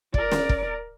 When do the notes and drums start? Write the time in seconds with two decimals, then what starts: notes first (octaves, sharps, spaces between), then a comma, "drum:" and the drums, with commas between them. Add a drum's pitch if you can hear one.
0.14 A#4 D5, drum: kick
0.32 drum: snare
0.49 drum: kick